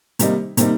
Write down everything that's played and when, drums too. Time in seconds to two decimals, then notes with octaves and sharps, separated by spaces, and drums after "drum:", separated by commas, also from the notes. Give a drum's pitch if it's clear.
0.19 C3 D#3 G3 A#3 D#4, drum: hi-hat
0.57 C3 D#3 G3 A#3 D#4, drum: hi-hat